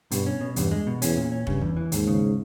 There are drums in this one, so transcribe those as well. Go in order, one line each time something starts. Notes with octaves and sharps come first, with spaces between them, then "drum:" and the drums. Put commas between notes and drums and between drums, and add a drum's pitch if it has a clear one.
G2 B2, drum: hi-hat
C#4
B2
E2 G2, drum: hi-hat
G#3
B2
E2 C#4, drum: hi-hat
A#2
C#4
G2 C#3, drum: kick F1
E2
E3
D#2 G#2, drum: hi-hat
C#3